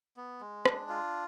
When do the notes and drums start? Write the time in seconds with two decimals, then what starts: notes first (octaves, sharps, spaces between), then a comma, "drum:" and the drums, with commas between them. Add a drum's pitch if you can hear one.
0.17 B3
0.41 G#3
0.66 D4, drum: rim click
0.89 F4